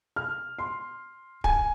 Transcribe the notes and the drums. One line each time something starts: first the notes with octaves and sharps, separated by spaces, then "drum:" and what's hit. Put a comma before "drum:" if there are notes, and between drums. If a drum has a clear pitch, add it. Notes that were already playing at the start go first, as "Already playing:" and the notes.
F6
C6
G#5, drum: kick